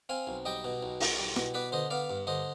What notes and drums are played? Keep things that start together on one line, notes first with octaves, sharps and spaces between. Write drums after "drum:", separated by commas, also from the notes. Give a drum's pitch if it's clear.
C4 F5 G#5
B1
G3 D#5 G5
B2
B1
B1, drum: open hi-hat
G3
B2, drum: snare E4
B3 B4 D5
D3 C5 D#5
B3 D5 F5
G2
D3 C5 D#5